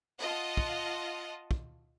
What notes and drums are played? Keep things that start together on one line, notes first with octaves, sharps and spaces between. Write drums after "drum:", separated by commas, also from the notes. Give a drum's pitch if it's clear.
F4 D#5 F#5 A5
drum: kick
drum: kick